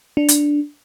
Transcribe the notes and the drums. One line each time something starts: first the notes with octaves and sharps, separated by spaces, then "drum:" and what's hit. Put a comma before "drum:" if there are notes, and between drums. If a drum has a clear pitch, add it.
D4
drum: hi-hat